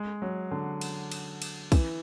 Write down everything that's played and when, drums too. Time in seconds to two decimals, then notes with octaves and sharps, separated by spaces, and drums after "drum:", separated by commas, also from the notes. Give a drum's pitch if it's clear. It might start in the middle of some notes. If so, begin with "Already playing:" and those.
Already playing: G#3
0.22 F#3
0.51 D3
0.81 drum: cymbal
1.12 drum: cymbal
1.42 drum: cymbal
1.72 E3, drum: kick, cymbal